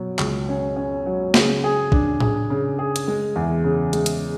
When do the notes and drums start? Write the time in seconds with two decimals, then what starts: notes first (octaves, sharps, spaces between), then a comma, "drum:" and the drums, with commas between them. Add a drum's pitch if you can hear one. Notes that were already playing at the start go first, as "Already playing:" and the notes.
Already playing: B2 F#3
0.19 C#2, drum: clap
0.49 C#4
0.76 C#4
1.06 F#3
1.34 C#3, drum: snare
1.64 G#4
1.92 D4, drum: kick
2.20 G#4, drum: tom A2
2.50 C#3
2.79 G#4
2.96 drum: hi-hat
3.08 G#3
3.36 E2
3.64 C#3
3.93 G#3, drum: hi-hat
4.06 drum: hi-hat